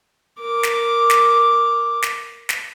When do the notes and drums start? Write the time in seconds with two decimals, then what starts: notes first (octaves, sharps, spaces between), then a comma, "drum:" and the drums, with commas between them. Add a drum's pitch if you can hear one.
0.40 A#4 D6
0.63 drum: snare
1.10 drum: snare
2.02 drum: snare
2.49 drum: snare